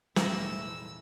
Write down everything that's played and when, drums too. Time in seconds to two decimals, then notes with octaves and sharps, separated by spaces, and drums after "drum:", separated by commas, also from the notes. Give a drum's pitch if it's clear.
0.16 F1 A#2 C#3 E3 A3 E6 A#6, drum: snare